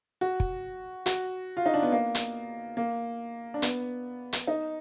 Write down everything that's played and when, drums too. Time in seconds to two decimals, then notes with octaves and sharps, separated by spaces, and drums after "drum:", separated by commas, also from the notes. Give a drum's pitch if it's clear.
0.21 F#4
0.40 drum: kick
1.06 F#4, drum: hi-hat
1.57 F4
1.66 D#4
1.74 D4
1.83 B3
1.92 A#3
2.15 drum: hi-hat
2.77 A#3
3.54 D4
3.62 B3, drum: hi-hat
4.33 drum: hi-hat
4.47 D#4